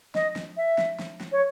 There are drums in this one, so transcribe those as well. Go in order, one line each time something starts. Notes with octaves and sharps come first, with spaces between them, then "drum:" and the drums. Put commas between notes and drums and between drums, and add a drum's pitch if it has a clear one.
D#5, drum: snare
drum: snare
E5
drum: snare
drum: snare
drum: snare
C#5